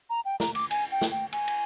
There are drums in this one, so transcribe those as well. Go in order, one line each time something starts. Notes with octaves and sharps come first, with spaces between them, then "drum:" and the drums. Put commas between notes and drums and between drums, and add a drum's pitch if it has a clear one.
A#5
G5
A#5, drum: snare
D6, drum: cymbal
G#5, drum: cymbal
G5
drum: snare
G5
G#5, drum: cymbal
drum: cymbal